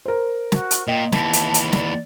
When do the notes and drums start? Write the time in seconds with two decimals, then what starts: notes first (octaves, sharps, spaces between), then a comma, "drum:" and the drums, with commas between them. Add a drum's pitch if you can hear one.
0.06 A#4 C5
0.52 F#4, drum: snare
0.71 drum: hi-hat
0.88 A#2 D#5 G5
1.12 D#2 E3 A5, drum: snare
1.33 drum: hi-hat
1.54 drum: hi-hat
1.73 D5, drum: snare